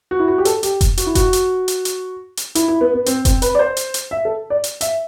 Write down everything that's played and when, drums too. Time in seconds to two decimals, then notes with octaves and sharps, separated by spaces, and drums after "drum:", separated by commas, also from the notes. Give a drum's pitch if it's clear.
0.11 F#4
0.20 E4
0.28 F#4
0.38 G4
0.45 A4, drum: hi-hat
0.63 G4, drum: hi-hat
0.81 drum: kick F1, hi-hat
0.97 F#4, drum: hi-hat
1.06 E4
1.15 F#4, drum: kick F1, hi-hat
1.33 drum: hi-hat
1.68 drum: hi-hat
1.85 drum: hi-hat
2.37 drum: hi-hat
2.55 E4, drum: hi-hat
2.68 E4
2.81 B3
2.94 B3
3.06 C4, drum: hi-hat
3.25 C4, drum: kick F1, hi-hat
3.42 B4, drum: hi-hat
3.55 D5
3.59 C5
3.77 drum: hi-hat
3.94 drum: hi-hat
4.11 E5
4.25 A4
4.50 D5
4.64 drum: hi-hat
4.81 E5, drum: hi-hat